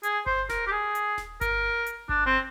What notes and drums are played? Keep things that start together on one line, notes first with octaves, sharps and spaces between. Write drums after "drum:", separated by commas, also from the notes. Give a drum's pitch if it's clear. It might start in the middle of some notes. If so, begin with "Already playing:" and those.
G#4, drum: hi-hat
C5, drum: kick G1
A#4, drum: snare D#1
G4
G#4
drum: hi-hat
drum: snare D#1
A#4, drum: kick G1, hi-hat
drum: hi-hat
D4, drum: kick G1
C4